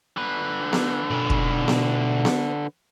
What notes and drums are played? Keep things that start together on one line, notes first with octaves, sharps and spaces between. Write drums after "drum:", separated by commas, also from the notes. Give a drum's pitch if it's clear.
D3 B4
drum: snare B3
B2 A3
drum: kick
drum: snare B3
drum: snare B3